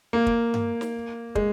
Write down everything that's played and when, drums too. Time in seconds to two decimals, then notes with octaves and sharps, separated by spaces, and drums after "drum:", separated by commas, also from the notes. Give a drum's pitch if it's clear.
0.13 A#3
0.27 drum: kick
0.54 drum: tom G2
0.81 drum: snare
1.35 G#3, drum: kick